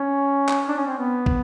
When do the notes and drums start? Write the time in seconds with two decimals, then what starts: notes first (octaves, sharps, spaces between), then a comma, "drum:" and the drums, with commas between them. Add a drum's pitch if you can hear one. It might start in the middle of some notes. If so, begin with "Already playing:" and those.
Already playing: C#4
0.49 drum: clap
0.68 D4
0.77 C#4
0.87 C4
0.98 B3
1.26 drum: kick